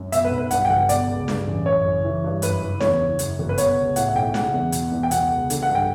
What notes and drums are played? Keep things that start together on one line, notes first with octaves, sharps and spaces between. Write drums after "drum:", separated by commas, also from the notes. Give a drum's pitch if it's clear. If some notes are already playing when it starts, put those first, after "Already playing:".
Already playing: F#2
B2 E5, drum: hi-hat
B4
B1
B4
G2 F#5, drum: hi-hat
G5
G1 F#5
B2 D5, drum: hi-hat
C#2
G2, drum: snare
A1
F#2 C#5
F#1
E3
G2
F#2 B4, drum: hi-hat
F#1
E2 C#5, drum: snare
F#1
F#2, drum: hi-hat
G1
B4
B2 C#5, drum: hi-hat
C#2
A2 F#5, drum: hi-hat
F#5
B1 G5
C#3 F#5, drum: snare
E2
B2, drum: hi-hat
E2
G5
B2 F#5, drum: hi-hat
C#2
D3, drum: hi-hat
F#5
G2
G5